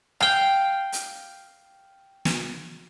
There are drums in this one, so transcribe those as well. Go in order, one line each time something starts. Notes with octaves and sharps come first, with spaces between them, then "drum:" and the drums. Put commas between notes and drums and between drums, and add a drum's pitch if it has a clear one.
F5 G5, drum: rim click
drum: hi-hat
drum: snare